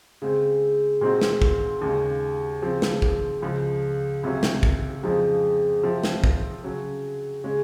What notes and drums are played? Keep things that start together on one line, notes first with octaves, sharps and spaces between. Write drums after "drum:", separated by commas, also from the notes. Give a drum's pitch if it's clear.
C#3 G#3 C4
A#2 G#3 C4 D#4 F#4
drum: snare
drum: kick
D#2 C#3 G#3
C#3 F3 C4
drum: snare
drum: kick
C#2 C#3 F3
C#2 C3 F#3 C#4
drum: snare
drum: kick
F2 C#3 F3 G#3 D#4
C3 F3 C4
drum: snare
drum: kick
C#3 F#3 C#4
C#3 G#3 C#4